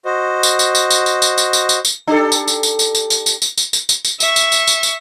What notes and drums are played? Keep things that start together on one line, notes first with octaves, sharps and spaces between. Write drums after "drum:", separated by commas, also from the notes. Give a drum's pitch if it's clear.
F#4 C5 D#5
drum: tambourine
drum: tambourine
drum: tambourine
drum: tambourine
drum: tambourine
drum: tambourine
drum: tambourine
drum: tambourine
drum: tambourine
drum: tambourine
D4 G4 A4
drum: tambourine
drum: tambourine
drum: tambourine
drum: tambourine
drum: tambourine
drum: tambourine
drum: tambourine
drum: tambourine
drum: tambourine
drum: tambourine
drum: tambourine
drum: tambourine
E5 C#6, drum: tambourine
drum: tambourine
drum: tambourine
drum: tambourine
drum: tambourine